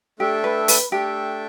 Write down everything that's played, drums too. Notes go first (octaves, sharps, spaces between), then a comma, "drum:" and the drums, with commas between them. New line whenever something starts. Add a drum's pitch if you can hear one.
A3 D4 G4 A4 E5 G5
B4
B4, drum: open hi-hat
A3 D4 G4 A4 E5 G5